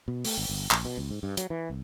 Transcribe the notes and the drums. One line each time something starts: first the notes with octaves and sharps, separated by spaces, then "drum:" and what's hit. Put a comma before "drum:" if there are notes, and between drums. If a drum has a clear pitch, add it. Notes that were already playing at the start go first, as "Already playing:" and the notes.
B2
A3, drum: open hi-hat
G#1
G1
A#1, drum: clap
B2
C#2
G#2
G2
F#3, drum: hi-hat
E3
C2